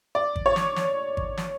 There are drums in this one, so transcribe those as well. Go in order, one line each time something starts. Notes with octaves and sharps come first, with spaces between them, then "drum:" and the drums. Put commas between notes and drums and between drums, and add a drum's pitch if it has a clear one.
D5
drum: kick G#1
C#5
drum: snare
drum: snare
drum: kick G#1
drum: snare